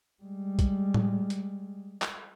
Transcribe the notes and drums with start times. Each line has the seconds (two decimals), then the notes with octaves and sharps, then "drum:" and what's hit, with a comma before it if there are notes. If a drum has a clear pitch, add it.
0.23 G3 G#3
0.59 drum: kick, hi-hat
0.94 drum: tom A2
1.30 drum: hi-hat
2.02 drum: clap